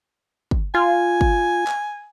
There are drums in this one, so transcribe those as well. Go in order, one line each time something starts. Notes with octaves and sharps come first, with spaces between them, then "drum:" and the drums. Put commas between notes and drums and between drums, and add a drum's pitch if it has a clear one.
drum: kick
F4 G#5
drum: kick
drum: clap